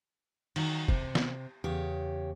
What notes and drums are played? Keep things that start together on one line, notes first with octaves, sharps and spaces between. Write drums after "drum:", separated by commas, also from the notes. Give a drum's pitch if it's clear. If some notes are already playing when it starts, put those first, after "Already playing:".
D#3 F#3, drum: cymbal
C3, drum: kick
drum: snare
E2 C#3 G4 C#5